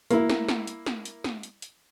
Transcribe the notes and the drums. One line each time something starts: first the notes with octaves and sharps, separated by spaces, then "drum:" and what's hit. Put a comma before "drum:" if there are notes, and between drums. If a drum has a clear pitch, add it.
A#3 E4, drum: hi-hat
drum: snare
drum: snare
drum: hi-hat
drum: snare
drum: hi-hat
drum: snare
drum: hi-hat
drum: hi-hat